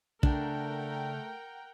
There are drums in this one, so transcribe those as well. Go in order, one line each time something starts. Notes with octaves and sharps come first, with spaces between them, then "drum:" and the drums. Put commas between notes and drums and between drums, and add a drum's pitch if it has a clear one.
C#3 A3 D4 A#4 F#5 G5, drum: kick